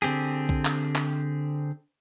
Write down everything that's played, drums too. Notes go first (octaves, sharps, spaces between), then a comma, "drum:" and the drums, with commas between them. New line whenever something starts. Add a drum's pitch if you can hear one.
D3 C4 G4 G#4
drum: kick B1
drum: clap
drum: clap